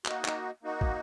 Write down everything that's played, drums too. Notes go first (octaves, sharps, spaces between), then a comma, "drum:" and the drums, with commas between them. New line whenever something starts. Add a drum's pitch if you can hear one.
A#3 D#4 F#4, drum: clap
drum: clap
A#3 D#4 F#4
drum: kick